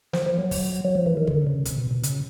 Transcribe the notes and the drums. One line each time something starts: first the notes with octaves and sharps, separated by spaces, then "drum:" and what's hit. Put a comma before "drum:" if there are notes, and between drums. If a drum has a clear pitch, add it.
F3, drum: snare
F3
F#3
drum: kick, open hi-hat
F#3
F3
E3
D#3
D3, drum: kick
C#3
C3, drum: kick, hi-hat
B2
B2
C#3, drum: hi-hat